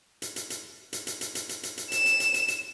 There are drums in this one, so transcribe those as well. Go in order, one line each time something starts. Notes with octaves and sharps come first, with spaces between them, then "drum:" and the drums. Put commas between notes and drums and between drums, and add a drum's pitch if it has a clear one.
drum: hi-hat
drum: hi-hat
drum: hi-hat
drum: hi-hat
drum: hi-hat
drum: hi-hat
drum: hi-hat
drum: hi-hat
drum: hi-hat
drum: hi-hat
E7, drum: hi-hat
drum: hi-hat
drum: hi-hat
drum: hi-hat
drum: hi-hat